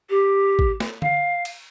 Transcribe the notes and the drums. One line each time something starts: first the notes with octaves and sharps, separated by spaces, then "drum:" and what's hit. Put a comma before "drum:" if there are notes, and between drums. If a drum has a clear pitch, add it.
G4
drum: kick A1
drum: snare
F5, drum: tom D3
drum: cymbal